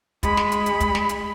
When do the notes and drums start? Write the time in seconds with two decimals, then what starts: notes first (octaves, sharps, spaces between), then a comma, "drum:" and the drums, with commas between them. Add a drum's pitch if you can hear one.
0.23 G#3 B5, drum: kick, hi-hat
0.37 drum: snare
0.52 drum: hi-hat
0.66 drum: hi-hat
0.80 drum: kick, hi-hat
0.95 drum: snare
1.09 drum: hi-hat